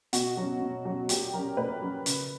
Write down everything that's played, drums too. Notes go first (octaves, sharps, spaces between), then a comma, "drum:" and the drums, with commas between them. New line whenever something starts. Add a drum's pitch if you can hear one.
B2 F#4, drum: hi-hat
F#3 C#4
B2
F#3 C#4
A#2 G4, drum: hi-hat
F#3 C#4 A#4
A#2 B4
F#3 C#4
C#3, drum: hi-hat